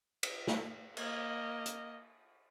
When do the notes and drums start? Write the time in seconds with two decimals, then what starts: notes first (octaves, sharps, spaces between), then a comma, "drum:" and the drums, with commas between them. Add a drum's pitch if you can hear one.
0.23 drum: cymbal
0.47 drum: snare
0.97 A#3 D#5, drum: cymbal
1.66 drum: hi-hat